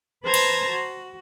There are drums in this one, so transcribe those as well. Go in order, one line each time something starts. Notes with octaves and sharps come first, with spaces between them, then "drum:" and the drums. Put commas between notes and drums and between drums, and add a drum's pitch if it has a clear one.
B4 C5 A5 A#5 G#6 A#6
drum: cymbal
F#4